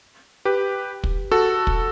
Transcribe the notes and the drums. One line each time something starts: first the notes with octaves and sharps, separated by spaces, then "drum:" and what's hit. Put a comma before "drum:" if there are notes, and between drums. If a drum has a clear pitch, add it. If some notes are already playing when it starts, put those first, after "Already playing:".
G4 B4
drum: kick
F#4 A4
drum: kick